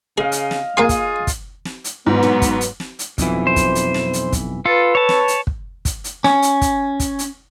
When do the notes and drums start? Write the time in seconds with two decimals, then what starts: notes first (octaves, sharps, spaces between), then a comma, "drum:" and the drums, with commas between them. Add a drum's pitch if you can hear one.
0.18 C#3 G#4 D#5 F5
0.32 drum: hi-hat
0.51 drum: snare
0.77 A#3 F4 G#4 F5 C6
0.89 drum: kick, hi-hat
1.27 drum: kick, hi-hat
1.65 drum: snare
1.84 drum: hi-hat
2.07 G#2 F#3 B3
2.23 drum: tom A2
2.42 drum: kick, hi-hat
2.61 drum: hi-hat
2.80 drum: snare
2.99 drum: hi-hat
3.18 B1 F2 E3, drum: kick, hi-hat
3.47 C5
3.56 drum: kick, hi-hat
3.75 drum: hi-hat
3.94 drum: snare
4.13 drum: hi-hat
4.32 drum: kick, hi-hat
4.66 F4 A4 B4
4.95 C#5 A5
5.09 drum: snare
5.28 drum: hi-hat
5.47 drum: kick
5.85 drum: kick, hi-hat
6.04 drum: hi-hat
6.24 C#4, drum: snare
6.42 drum: hi-hat
6.61 drum: kick, hi-hat
7.00 drum: kick, hi-hat
7.19 drum: hi-hat